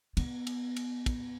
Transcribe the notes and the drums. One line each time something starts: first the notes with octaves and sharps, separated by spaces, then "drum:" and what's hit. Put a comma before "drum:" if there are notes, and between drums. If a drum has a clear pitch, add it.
B3, drum: cymbal
drum: cymbal
drum: cymbal
drum: kick, cymbal